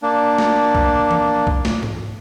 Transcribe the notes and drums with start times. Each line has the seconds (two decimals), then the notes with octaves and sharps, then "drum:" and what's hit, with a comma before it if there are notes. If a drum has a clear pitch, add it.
0.02 A#3 D4
0.38 drum: snare
0.75 drum: kick B1
1.11 drum: tom E3
1.47 drum: kick B1
1.65 drum: snare
1.83 drum: tom G#2